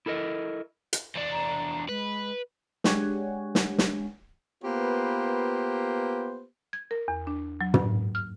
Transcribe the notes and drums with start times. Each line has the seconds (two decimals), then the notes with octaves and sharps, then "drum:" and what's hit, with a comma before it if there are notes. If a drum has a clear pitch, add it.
0.06 E4 A4 A#4 D#5
0.93 drum: hi-hat
1.15 E2 D4
1.31 A#5
1.89 G#3 B4
2.84 G#3 D4 G4 C#5 F#5 G#5, drum: snare
3.55 drum: snare
3.78 drum: snare
4.64 A#3 B3 F4 G4 B4 C5
6.73 G#6
6.91 A#4
7.08 E2
7.27 D4
7.61 F#3
7.74 G2, drum: tom
8.15 F6